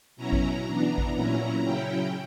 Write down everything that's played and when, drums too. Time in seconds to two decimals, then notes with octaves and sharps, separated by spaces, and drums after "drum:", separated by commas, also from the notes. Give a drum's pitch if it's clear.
0.16 B2 F#3 C#4 E4 A#5
0.33 drum: kick A1
0.65 E3 B3 D4
0.98 drum: kick A1
1.14 A#2 F#3 C#4 E4 A#5
1.63 C#3 F#3 C#4 E4 G5